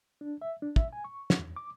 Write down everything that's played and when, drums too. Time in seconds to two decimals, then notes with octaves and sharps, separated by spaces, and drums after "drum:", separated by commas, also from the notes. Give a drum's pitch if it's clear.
0.21 D4
0.42 E5
0.62 D4
0.76 E5, drum: kick
0.93 G#5
1.04 C#6
1.30 drum: snare
1.39 E2
1.56 D6